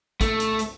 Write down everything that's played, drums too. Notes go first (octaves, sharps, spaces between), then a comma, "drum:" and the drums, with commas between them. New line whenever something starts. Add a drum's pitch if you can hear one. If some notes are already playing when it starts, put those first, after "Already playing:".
A3, drum: kick, hi-hat
drum: hi-hat
drum: hi-hat